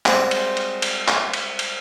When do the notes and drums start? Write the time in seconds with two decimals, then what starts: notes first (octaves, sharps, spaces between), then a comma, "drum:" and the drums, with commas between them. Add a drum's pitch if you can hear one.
0.06 G3 G#3 C4 F4 F#4, drum: clap
0.31 drum: cymbal
0.57 drum: cymbal
0.82 drum: cymbal
1.08 drum: clap
1.33 drum: cymbal
1.59 drum: cymbal